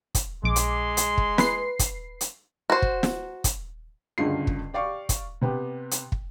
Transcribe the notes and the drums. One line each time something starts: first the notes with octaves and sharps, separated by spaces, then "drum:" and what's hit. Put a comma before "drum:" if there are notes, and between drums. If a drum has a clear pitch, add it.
drum: kick, hi-hat
A#1 G#3 C6 D6
drum: hi-hat
drum: hi-hat
drum: kick
B4 C7, drum: snare
drum: kick, hi-hat
drum: hi-hat
F#4 C5
drum: kick
drum: snare
drum: kick, hi-hat
F#1 D2 G2 C#3 F4 C7
drum: kick
G4 D5 F5 C#6
drum: kick, hi-hat
C3 B3 G4
drum: hi-hat
drum: kick